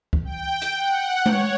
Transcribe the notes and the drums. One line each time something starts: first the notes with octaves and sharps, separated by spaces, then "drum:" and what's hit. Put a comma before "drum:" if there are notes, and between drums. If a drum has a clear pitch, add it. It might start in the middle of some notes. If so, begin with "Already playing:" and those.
drum: kick C#2
G5
drum: hi-hat
F#5
C#5, drum: tom G#3